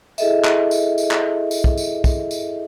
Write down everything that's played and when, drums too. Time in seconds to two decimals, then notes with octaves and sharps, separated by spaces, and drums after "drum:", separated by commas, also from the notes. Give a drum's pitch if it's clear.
0.18 E4 G#4 A4 D#5 E5, drum: tambourine
0.45 drum: clap
0.71 drum: tambourine
0.98 drum: tambourine
1.11 drum: clap
1.51 drum: tambourine
1.64 drum: kick
1.78 drum: tambourine
2.04 drum: kick, tambourine
2.31 drum: tambourine